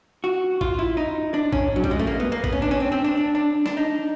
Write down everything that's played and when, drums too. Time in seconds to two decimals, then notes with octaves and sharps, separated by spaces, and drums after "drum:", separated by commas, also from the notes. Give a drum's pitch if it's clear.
0.24 F#4
0.61 F4, drum: kick
0.79 E4
0.97 D#4
1.34 D4
1.53 C#4, drum: kick
1.76 F#3
1.84 G3, drum: kick
1.91 G#3
1.99 A3
2.07 A#3
2.20 B3
2.32 A#3
2.44 B3, drum: kick
2.53 C#4
2.62 D4
2.71 C#4
2.80 C4
2.92 C4
3.04 D4
3.17 D4
3.35 D4
3.66 D4, drum: snare
3.77 D#4